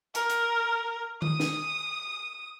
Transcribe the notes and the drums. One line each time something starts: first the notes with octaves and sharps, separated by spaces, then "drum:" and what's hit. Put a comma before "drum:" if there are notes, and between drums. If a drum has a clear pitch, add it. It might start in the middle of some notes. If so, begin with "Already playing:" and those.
A#4, drum: hi-hat
drum: hi-hat
D#6, drum: tom D#3
drum: snare